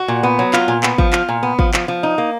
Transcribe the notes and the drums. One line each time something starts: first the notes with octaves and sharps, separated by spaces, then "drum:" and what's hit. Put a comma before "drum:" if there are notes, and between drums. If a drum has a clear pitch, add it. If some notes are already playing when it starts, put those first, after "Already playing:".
Already playing: F#4
A#2
B3
F#3
F4, drum: clap
A#2
B3, drum: clap
F3, drum: kick
F4, drum: clap
A#2
B3
F3, drum: kick
F3, drum: clap
F3
D#4
A#3